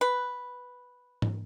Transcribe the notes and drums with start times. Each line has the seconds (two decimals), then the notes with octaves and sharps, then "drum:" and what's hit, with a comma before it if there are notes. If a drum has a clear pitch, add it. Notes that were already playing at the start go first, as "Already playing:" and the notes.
0.01 B4
1.22 drum: tom G#2